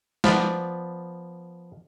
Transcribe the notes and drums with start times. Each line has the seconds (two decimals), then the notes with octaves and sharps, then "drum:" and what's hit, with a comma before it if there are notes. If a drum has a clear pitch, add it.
0.24 F3 B3 D5, drum: snare